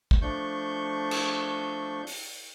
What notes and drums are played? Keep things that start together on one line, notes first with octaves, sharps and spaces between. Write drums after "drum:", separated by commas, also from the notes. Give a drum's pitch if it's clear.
drum: kick
F3 A3 D4 C#6 G6
drum: cymbal
drum: open hi-hat